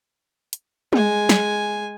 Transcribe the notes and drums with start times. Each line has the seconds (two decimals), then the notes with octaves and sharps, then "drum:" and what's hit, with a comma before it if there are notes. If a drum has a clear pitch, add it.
0.53 drum: hi-hat
0.93 G#3 G#5, drum: tom
1.29 drum: snare